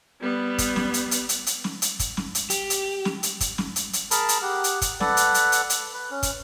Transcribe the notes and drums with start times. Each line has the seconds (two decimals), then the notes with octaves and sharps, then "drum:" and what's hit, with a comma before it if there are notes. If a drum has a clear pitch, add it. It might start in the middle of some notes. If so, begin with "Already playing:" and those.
0.21 G3 B3
0.58 drum: kick, hi-hat
0.76 drum: snare
0.94 drum: hi-hat
1.11 drum: hi-hat
1.29 drum: hi-hat
1.47 drum: hi-hat
1.64 drum: snare
1.82 drum: hi-hat
1.99 drum: kick, hi-hat
2.17 drum: snare
2.35 drum: hi-hat
2.50 G4, drum: hi-hat
2.70 drum: hi-hat
3.05 drum: snare
3.23 drum: hi-hat
3.40 drum: kick, hi-hat
3.58 drum: snare
3.76 drum: hi-hat
3.93 drum: hi-hat
4.11 G#4 A#4 A5 B5, drum: hi-hat
4.29 drum: hi-hat
4.42 G4 F#5
4.64 drum: hi-hat
4.82 drum: kick, hi-hat
5.00 A4 B4 D5 F#5, drum: snare
5.17 drum: hi-hat
5.34 drum: hi-hat
5.52 drum: hi-hat
5.70 drum: hi-hat
5.93 B4
6.10 C#4
6.23 drum: kick, hi-hat